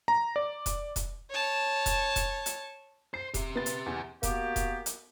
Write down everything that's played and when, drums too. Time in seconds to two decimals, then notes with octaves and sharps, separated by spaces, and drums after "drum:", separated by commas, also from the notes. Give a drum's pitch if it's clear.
0.08 A#5
0.36 D5
0.66 drum: kick E1, hi-hat
0.96 drum: kick E1, hi-hat
1.30 C#5 A5
1.86 drum: kick E1, hi-hat
2.16 drum: kick E1, hi-hat
2.46 drum: hi-hat
3.14 C5 C7
3.34 G4 E5, drum: kick E1, hi-hat
3.56 B3 A6
3.66 drum: hi-hat
3.86 E2
4.23 A#3 B3 F#4 G4, drum: kick E1, hi-hat
4.56 drum: kick E1, hi-hat
4.86 drum: hi-hat